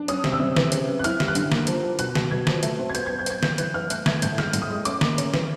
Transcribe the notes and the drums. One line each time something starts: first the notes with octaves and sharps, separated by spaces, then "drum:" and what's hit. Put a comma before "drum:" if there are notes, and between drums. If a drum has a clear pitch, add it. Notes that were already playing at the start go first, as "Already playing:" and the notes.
Already playing: D4
C#4 D#6, drum: hi-hat
C3, drum: snare
E6
C3
E3, drum: snare
C#3, drum: hi-hat
C#3
F#6
E4 F6, drum: hi-hat
G3, drum: snare
F#6
D3, drum: hi-hat
A#3, drum: snare
F3, drum: hi-hat
F3
B2 F#6, drum: hi-hat
B2, drum: snare
B2 G#6
F3, drum: snare
A3, drum: hi-hat
C4
G#6
B3 G6, drum: hi-hat
B3 G#6
G6
B3 G#6, drum: hi-hat
E3 G6, drum: snare
E3 F#6, drum: hi-hat
E3 F6
A3 F#6, drum: hi-hat
A3 G#6, drum: snare
A2 G6, drum: hi-hat
G#3 F6, drum: snare
A2, drum: hi-hat
D#6
G#3
C#4 D6, drum: hi-hat
A#3, drum: snare
C#4, drum: hi-hat
E3, drum: snare